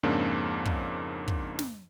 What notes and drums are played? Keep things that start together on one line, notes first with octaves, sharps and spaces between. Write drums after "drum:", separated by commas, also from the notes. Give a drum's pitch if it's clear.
F2 G#2 C#3 A#3 C#4 D4
drum: kick
drum: kick
drum: snare